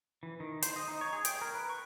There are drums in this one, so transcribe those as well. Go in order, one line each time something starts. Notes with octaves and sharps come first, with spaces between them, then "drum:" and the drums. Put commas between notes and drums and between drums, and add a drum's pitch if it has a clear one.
E3
D#3
C5, drum: hi-hat
D#5
D#4
C#5
G#4
G5, drum: hi-hat
A#4
B4
C#6